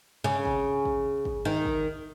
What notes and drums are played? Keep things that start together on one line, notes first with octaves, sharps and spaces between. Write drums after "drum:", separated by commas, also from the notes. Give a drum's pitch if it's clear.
C#3
drum: kick
drum: kick
drum: kick
D#3
drum: kick